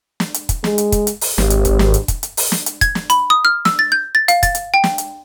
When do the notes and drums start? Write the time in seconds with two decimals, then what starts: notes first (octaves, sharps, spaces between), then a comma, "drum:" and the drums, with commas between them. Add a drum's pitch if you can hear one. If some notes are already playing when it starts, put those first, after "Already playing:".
0.20 drum: snare
0.34 drum: hi-hat
0.49 drum: kick, hi-hat
0.64 G#3, drum: snare
0.78 drum: hi-hat
0.92 drum: kick, hi-hat
1.07 drum: hi-hat
1.21 drum: open hi-hat
1.38 G#1 G4, drum: snare
1.50 drum: hi-hat
1.65 drum: kick, hi-hat
1.79 drum: snare
1.94 drum: hi-hat
2.08 drum: kick, hi-hat
2.23 drum: hi-hat
2.37 drum: open hi-hat
2.52 drum: snare
2.66 drum: hi-hat
2.81 G#6, drum: kick, hi-hat
2.95 drum: snare
3.10 B5, drum: hi-hat
3.30 D#6
3.45 F6
3.65 E6, drum: snare
3.79 A6
3.92 G6
4.15 A6
4.28 F5, drum: hi-hat
4.43 A6, drum: kick, hi-hat
4.55 drum: hi-hat
4.74 G5
4.84 drum: snare
4.98 drum: hi-hat